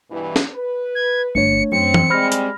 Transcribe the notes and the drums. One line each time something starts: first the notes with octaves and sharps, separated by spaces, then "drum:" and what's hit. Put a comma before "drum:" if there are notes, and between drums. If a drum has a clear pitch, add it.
G2 B2 E3
drum: snare
B4
G#6
G1 A3 D4 C#5 C#7
F#2 C4 C#7
drum: tom E3
G3 G#3 C4 B5 F6 A#6
drum: hi-hat